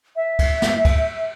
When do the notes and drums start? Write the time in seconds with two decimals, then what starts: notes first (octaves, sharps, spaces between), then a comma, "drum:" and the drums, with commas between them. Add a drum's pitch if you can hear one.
0.16 E5
0.39 drum: kick, cymbal
0.62 drum: snare
0.85 drum: kick, cymbal